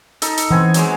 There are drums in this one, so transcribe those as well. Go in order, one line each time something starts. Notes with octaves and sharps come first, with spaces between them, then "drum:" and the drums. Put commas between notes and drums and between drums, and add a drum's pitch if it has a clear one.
D#4 A4, drum: hi-hat
drum: hi-hat
E3 B3 C4 G#5
F#3 G#3 D6, drum: hi-hat